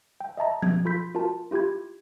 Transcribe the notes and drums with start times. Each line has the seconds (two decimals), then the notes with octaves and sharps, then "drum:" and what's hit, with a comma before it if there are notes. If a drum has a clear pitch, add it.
0.20 G5
0.37 D#5 E5 A5 A#5
0.62 G#6, drum: tom F3
0.85 F4 A4 B5 C6 G6 B6
1.15 F4 F#4 A#4 A5
1.51 E4 F4 G4 B5 G#6